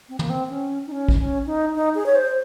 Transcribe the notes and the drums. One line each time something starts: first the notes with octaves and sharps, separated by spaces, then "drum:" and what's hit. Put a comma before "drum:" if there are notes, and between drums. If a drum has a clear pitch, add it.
C4
A#3, drum: tom
C4
C#4
D#4
C#4
drum: kick
C#4
D#4
D#4
G#4
C#5
C5